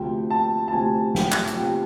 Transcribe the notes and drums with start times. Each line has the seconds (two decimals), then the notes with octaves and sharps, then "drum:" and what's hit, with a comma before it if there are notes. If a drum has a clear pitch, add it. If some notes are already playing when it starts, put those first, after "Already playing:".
Already playing: D2 C3 F3 G5
0.30 A5
0.68 A5
0.72 D2 C3 F3 G#5
1.15 G5, drum: snare
1.32 drum: clap
1.47 drum: hi-hat
1.57 C3 F3 G5